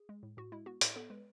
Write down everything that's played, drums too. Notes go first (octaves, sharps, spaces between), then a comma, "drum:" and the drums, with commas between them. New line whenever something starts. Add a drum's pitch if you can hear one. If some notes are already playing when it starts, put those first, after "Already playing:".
Already playing: G#4
G#3
A2
A2 F#4
G#3 E4
B3 F#4
A2, drum: hi-hat
B3 A4
G#3 B4